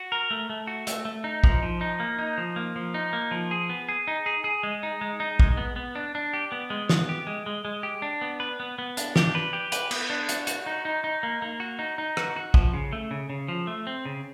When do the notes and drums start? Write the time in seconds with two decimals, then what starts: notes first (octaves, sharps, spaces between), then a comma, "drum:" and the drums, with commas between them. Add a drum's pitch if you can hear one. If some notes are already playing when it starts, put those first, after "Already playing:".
Already playing: F#4
0.12 A#4
0.31 A3
0.50 A3
0.67 F#4
0.87 A3, drum: hi-hat
1.05 A3
1.24 D#4
1.44 F3, drum: kick
1.62 F3
1.81 D#4
2.00 A#3
2.19 D#4
2.38 F3
2.56 A#3
2.76 F3
2.94 D#4
3.13 A#3
3.31 F3
3.51 G#4
3.69 B3
3.89 G#4
4.07 D#4
4.26 G#4
4.44 G#4
4.63 G#3
4.83 D#4
5.01 G#3
5.20 D#4
5.40 G#3, drum: kick
5.57 B3
5.76 B3
5.95 D4
6.15 D4
6.33 G4
6.52 B3
6.70 G#3
6.89 B3, drum: snare
7.09 G4
7.27 G#3
7.46 G#3
7.65 G#3
7.83 G4
8.02 D4
8.21 B3
8.40 B4
8.60 B3
8.79 B3
8.97 D4, drum: hi-hat
9.16 G4, drum: snare
9.35 B4
9.53 G4
9.72 B4, drum: hi-hat
9.91 B3, drum: cymbal
10.10 D4
10.29 F#4, drum: hi-hat
10.47 F#4, drum: hi-hat
10.66 D#4
10.85 D#4
11.04 D#4
11.23 A#3
11.42 A#3
11.60 F#4
11.79 D#4
11.98 D#4
12.17 F#4, drum: rim click
12.36 F#4
12.54 F3, drum: kick
12.74 C#3
12.93 A3
13.11 C#3
13.30 C#3
13.48 F3
13.67 A3
13.87 C4
14.05 C#3